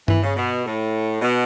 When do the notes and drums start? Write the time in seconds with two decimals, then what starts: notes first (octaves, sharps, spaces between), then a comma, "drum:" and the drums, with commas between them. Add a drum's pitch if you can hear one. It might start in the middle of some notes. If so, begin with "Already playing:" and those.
0.08 E3, drum: tom G2
0.22 C#3
0.37 B2
0.65 A2
1.22 B2